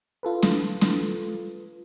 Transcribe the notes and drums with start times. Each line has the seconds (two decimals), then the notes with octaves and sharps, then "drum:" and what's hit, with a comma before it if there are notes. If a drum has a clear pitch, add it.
0.23 F4 A4 B4
0.43 drum: snare
0.81 drum: snare